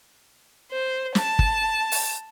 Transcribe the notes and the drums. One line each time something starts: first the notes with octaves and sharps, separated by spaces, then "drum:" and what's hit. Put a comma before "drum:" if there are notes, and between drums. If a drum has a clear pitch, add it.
C5
A5, drum: snare
drum: kick
drum: open hi-hat